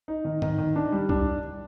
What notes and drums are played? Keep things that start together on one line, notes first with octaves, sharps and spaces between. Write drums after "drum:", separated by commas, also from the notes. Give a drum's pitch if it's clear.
D#4
D#3
D#3, drum: tom G#2
D#3
D4
G3
D4, drum: kick C2